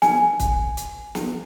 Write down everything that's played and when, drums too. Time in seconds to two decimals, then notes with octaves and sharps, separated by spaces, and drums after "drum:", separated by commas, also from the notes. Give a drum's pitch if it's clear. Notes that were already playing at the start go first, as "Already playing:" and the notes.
0.02 G#5, drum: snare
0.40 drum: kick, hi-hat
0.77 drum: hi-hat
1.15 drum: snare